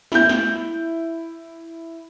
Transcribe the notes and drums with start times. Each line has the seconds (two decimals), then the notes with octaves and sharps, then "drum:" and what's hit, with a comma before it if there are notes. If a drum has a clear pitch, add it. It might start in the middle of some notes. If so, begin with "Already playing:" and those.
0.12 E4 G6, drum: snare
0.29 drum: snare